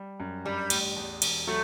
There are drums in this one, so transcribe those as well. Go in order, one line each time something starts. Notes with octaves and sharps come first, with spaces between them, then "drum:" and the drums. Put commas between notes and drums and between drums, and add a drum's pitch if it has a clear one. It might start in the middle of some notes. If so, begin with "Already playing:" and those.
Already playing: G3
F#2
G2 G3
A1, drum: cymbal
E2
E1, drum: cymbal
F#3 A3